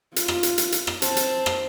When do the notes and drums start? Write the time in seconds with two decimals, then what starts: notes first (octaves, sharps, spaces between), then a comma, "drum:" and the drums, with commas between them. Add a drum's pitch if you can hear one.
0.16 F4, drum: hi-hat
0.28 drum: rim click
0.43 drum: hi-hat
0.58 drum: hi-hat
0.72 drum: hi-hat
0.87 drum: rim click
1.02 C4 A5, drum: hi-hat
1.17 drum: hi-hat
1.46 drum: rim click